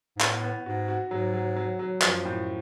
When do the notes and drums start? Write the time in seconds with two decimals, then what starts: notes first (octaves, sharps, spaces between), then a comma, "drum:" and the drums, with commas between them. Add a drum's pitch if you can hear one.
0.17 G#2
0.21 A2 B3, drum: clap
0.43 B3
0.66 G#2 F#4
0.88 F#4
1.11 G#2 F#3
1.34 F#3
1.56 F#3
1.79 F#3
2.02 F#2 F3, drum: clap
2.25 A2